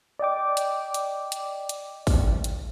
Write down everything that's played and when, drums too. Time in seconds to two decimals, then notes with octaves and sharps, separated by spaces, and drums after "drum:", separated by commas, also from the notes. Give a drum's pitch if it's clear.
0.19 D5 D#5 G5 D6
0.57 drum: hi-hat
0.94 drum: hi-hat
1.32 drum: hi-hat
1.69 drum: hi-hat
2.07 drum: kick, open hi-hat
2.44 drum: hi-hat